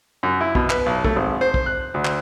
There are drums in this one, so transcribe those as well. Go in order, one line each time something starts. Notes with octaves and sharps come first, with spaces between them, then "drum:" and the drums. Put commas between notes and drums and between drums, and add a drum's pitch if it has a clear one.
F#2
E4
B2, drum: kick
B4, drum: clap
B1
A3, drum: kick
G#1
C5
drum: kick
F#6
D2
drum: clap